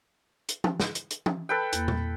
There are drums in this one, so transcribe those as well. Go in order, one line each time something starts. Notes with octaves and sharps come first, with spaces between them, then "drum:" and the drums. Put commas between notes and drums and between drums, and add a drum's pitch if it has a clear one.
drum: hi-hat
drum: tom
drum: snare
drum: hi-hat
drum: hi-hat
drum: tom
A4 B4 G5
E2 A#3, drum: hi-hat
drum: tom A#2